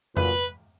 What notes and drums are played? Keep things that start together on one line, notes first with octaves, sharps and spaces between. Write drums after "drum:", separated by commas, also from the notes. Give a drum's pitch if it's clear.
A#2 F#3 B4, drum: tom F2